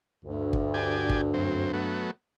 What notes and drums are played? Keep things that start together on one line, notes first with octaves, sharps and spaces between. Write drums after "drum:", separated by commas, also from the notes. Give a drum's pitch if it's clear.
D2 G2
drum: kick
D4 G4 G#5
drum: kick
F#2 C4
F#3 A3 B3